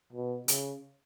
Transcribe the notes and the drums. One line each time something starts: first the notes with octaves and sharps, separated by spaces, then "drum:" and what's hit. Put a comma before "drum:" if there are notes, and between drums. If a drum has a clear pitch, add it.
B2
C#3, drum: hi-hat